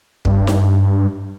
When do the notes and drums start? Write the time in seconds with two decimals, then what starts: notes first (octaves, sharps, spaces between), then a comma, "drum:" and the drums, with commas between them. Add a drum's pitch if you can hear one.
0.25 G2, drum: kick
0.47 drum: snare D#4